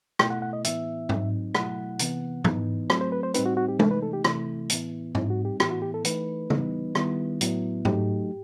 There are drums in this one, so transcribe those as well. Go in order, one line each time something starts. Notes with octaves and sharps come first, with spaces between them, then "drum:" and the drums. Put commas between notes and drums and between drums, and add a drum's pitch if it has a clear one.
B2 A3 E4 G5, drum: rim click
F#5
F#5
D#5
A2 E3 B3 E4 E5, drum: hi-hat
A2 F#3 C4 D#4, drum: tom G#2
B2 F#3 A3 E4 F#5, drum: rim click
C3 E3 B3, drum: hi-hat
E3 B3 D#4, drum: tom
F#3 A3 C4, drum: rim click
C5
B4
C5
A2 G3 C4 D#4 B4, drum: hi-hat
F#4
F#4
G4
C3 E3 A3 D#4 A4, drum: tom G#3
B4
A4
G4
C3 E3 A3 E4, drum: rim click
A2 E3 B3 E4, drum: hi-hat
A2 G3 C4 D#4 E4, drum: tom G#2
F#4
G4
A2 E3 B3 E4 G4, drum: rim click
F#4
G4
A4
E3 A3 D#4 B4, drum: hi-hat
E3 G3 B3 D#4, drum: tom C#3
D#3 G3 B3 E4, drum: rim click
A2 F#3 B3 E4, drum: hi-hat
F#3 A3 D#4 G4, drum: tom G#2